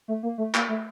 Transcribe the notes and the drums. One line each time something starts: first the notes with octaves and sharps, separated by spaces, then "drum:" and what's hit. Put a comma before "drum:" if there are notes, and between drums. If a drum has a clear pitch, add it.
A3
A#3
A3
A#3, drum: clap
A3